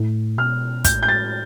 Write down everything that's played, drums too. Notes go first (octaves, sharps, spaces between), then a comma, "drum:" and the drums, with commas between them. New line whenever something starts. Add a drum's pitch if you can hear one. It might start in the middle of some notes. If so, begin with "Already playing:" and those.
Already playing: A2
B2 F6
A2 G6, drum: kick, hi-hat
G6
A6